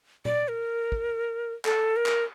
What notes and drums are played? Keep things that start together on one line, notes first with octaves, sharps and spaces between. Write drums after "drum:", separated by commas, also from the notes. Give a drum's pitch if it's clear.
D5, drum: tom A#2
A#4
drum: kick
A4, drum: clap
A#4
drum: clap